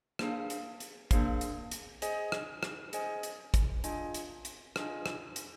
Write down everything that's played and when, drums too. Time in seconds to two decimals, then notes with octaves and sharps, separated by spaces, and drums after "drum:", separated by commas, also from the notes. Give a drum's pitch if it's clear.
0.19 A#3 D4 G#4 C5 F5, drum: rim click
0.50 drum: hi-hat
0.80 drum: hi-hat
1.11 A#3 D4 G#4 C5 F5, drum: kick, hi-hat
1.41 drum: hi-hat
1.71 drum: hi-hat
2.02 G#4 C5 D#5 G#5, drum: hi-hat
2.32 drum: rim click
2.63 drum: rim click
2.93 G#4 C5 D#5 G#5, drum: hi-hat
3.23 drum: hi-hat
3.54 drum: kick, hi-hat
3.84 D4 F4 G#4 D#5 G#5, drum: hi-hat
4.14 drum: hi-hat
4.45 drum: hi-hat
4.76 D4 F4 G#4 D#5 G#5, drum: rim click
5.06 drum: rim click
5.36 drum: hi-hat